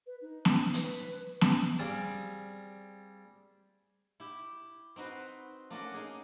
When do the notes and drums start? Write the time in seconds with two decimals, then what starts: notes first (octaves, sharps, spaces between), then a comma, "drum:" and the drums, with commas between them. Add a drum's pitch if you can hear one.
0.06 B4
0.21 D#4
0.45 drum: snare B3
0.74 B4, drum: hi-hat
1.41 drum: snare B3
1.79 G3 C4 G#4 D5 F5
4.20 E4 G4
4.96 C4 D#4 F#4 B4 C5
5.70 A3 A#3 C#4 F#4 D5
5.94 D#4 G#4